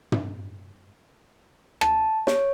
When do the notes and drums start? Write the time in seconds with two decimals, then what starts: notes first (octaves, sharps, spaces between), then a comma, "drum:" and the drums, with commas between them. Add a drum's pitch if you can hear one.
0.12 drum: tom
1.81 A5, drum: rim click
2.27 C#5, drum: snare